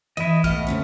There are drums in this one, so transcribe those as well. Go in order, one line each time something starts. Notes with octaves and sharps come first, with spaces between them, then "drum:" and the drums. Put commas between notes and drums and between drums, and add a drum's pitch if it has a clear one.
E3 E4 D#5
A3 B3 D#5 F6, drum: kick, hi-hat
D2 G#2 C#4